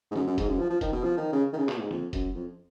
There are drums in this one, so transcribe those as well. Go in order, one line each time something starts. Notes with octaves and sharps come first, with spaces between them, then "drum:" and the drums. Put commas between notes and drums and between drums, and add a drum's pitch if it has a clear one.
G#2
F#2, drum: tom D3
F#2
G#2, drum: kick, hi-hat
F#2
F3
F3
D#3, drum: kick, hi-hat
B2
F3
D#3
C#3
D#3
C#3
B2, drum: clap
A#2
G#2
F2, drum: tom D3
F#2, drum: kick, hi-hat
F2